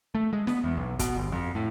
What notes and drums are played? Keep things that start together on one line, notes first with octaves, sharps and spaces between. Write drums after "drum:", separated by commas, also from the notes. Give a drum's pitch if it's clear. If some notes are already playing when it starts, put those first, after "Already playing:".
A3
G#3
B3, drum: snare
E2
B1
B2, drum: kick, hi-hat
G1
F2
A2